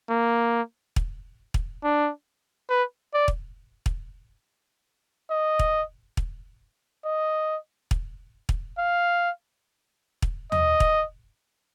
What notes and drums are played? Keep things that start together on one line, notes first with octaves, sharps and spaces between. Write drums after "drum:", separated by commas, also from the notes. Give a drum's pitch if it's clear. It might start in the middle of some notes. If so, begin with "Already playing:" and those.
A#3
drum: kick
drum: kick
D4
B4
D5
drum: kick
drum: kick
D#5
drum: kick
drum: kick
D#5
drum: kick
drum: kick
F5
drum: kick
D#5, drum: tom
drum: kick